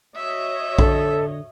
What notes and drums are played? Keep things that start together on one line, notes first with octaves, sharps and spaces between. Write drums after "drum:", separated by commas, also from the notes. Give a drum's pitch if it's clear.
F#4 C#5 D#5 E5
D3 A4, drum: kick A#1